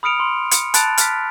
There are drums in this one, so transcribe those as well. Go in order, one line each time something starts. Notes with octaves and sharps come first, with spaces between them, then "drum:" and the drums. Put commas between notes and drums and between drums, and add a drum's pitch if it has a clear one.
B5 D#6 F6 C#7 D7 F7
C6
C#7, drum: hi-hat
A5 B5 F#6 A6 D7 F7, drum: hi-hat
F6 B6, drum: hi-hat